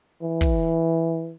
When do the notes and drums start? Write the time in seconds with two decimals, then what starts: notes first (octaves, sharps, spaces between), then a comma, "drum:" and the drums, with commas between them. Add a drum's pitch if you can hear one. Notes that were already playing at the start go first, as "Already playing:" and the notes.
0.22 E3
0.41 drum: kick, open hi-hat